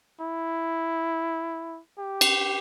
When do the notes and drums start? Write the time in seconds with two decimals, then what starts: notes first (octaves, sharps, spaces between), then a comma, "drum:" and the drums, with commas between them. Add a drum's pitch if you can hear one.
0.21 E4
1.98 G4
2.21 drum: cymbal